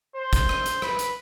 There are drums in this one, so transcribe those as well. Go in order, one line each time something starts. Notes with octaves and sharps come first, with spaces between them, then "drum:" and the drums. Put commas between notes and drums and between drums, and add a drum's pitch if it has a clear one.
C5
drum: kick, hi-hat
drum: rim click
drum: hi-hat
B4, drum: rim click
drum: hi-hat